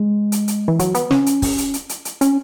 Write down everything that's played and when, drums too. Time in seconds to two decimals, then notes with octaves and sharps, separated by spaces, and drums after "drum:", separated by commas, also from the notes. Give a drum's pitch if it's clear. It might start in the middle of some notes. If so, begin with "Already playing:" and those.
Already playing: G#3
0.32 drum: hi-hat
0.48 drum: hi-hat
0.68 E3
0.79 F#3, drum: hi-hat
0.95 B3, drum: hi-hat
1.11 C#4, drum: snare
1.26 drum: hi-hat
1.42 drum: kick, open hi-hat
1.58 drum: hi-hat
1.74 drum: hi-hat
1.89 drum: hi-hat
2.05 drum: hi-hat
2.21 C#4, drum: hi-hat